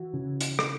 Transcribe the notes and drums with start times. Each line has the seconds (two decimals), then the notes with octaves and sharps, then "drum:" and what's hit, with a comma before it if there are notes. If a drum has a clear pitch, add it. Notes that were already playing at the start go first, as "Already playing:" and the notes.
Already playing: E3 F#4
0.13 C#3
0.41 drum: hi-hat
0.59 drum: rim click